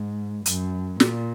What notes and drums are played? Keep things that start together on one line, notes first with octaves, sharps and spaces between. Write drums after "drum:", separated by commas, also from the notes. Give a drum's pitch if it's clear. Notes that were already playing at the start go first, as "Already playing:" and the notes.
Already playing: G#2
F#2, drum: hi-hat
A#2, drum: snare